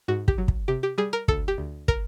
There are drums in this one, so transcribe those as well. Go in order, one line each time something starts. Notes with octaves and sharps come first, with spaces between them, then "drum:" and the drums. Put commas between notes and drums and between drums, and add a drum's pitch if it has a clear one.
G#2 F#4
G4, drum: kick
F#3
drum: kick
C3 G4
G4
G3 G#4
A#4
D2 A4, drum: kick
G4
D2
A#4, drum: kick